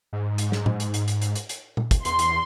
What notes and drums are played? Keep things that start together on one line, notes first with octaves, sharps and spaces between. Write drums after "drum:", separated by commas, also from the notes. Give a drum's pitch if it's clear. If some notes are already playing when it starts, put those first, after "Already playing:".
G#2
drum: hi-hat
drum: snare
drum: tom A2
drum: hi-hat
drum: hi-hat
drum: hi-hat
drum: hi-hat
drum: hi-hat
drum: hi-hat
drum: tom A#2
drum: kick, hi-hat
E2 C6, drum: hi-hat
drum: hi-hat